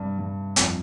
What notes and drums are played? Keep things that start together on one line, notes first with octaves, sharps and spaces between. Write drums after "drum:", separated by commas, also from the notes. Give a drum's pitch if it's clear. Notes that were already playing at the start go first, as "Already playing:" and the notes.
Already playing: G2 C3
G2
F2, drum: hi-hat